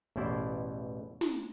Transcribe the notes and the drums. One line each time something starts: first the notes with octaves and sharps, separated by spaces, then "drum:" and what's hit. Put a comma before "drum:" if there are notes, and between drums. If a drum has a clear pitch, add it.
A1 E2 B2 E4 C5 D5
drum: snare